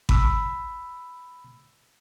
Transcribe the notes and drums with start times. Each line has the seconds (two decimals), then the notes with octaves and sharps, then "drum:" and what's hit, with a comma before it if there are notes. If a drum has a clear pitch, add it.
0.09 B5 E6, drum: kick G#1